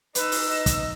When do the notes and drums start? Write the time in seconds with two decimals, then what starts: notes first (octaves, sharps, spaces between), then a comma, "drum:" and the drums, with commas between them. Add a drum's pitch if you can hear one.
0.15 D#4 B4 E6, drum: hi-hat
0.32 drum: open hi-hat
0.48 D#5
0.66 drum: kick, hi-hat